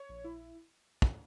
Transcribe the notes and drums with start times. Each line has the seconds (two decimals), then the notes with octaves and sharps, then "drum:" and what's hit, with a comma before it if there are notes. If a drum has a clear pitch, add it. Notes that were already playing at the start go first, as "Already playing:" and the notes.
Already playing: C#5
0.09 A#1
0.24 E4
1.02 drum: kick